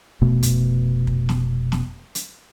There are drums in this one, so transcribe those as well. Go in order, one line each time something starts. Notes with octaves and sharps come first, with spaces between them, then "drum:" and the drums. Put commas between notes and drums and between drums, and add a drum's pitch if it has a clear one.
F1 B2 A3
drum: kick, hi-hat
drum: kick
drum: snare
drum: snare
drum: hi-hat